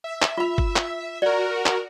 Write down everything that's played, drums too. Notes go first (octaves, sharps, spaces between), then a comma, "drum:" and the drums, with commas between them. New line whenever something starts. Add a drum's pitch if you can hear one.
E5
drum: clap
F4 B5
drum: kick G1
drum: clap
F#4 A#4 D5
drum: clap